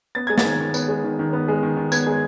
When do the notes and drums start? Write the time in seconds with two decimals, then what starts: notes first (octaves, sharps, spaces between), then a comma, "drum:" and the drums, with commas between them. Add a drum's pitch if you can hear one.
0.15 B3 A6
0.27 G#3 G#6
0.38 A6, drum: snare
0.45 D#3
0.60 D#3
0.74 B3, drum: tambourine
0.88 G#3
1.04 D#3
1.19 D#3
1.33 B3
1.48 G#3
1.63 D#3
1.77 D#3
1.92 B3 G#6, drum: tambourine
2.07 G#3